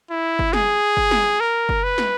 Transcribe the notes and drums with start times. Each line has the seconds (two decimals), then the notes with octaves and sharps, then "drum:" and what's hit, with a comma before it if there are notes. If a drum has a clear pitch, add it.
0.10 E4
0.39 drum: kick F#1
0.53 G#4, drum: snare
0.97 drum: kick F#1
1.11 drum: snare
1.41 A#4
1.69 drum: kick F#1
1.83 B4
1.98 drum: snare